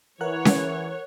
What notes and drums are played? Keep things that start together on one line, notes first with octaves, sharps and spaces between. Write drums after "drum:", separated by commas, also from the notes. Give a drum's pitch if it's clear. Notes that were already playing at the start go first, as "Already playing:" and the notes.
E3 A#4 C#5 F#5 F#6
drum: snare C#4